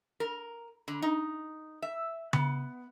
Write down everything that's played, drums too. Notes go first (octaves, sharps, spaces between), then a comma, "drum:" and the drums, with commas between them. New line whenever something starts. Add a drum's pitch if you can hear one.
A#4
D3
D#4
E5
B3, drum: tom C#3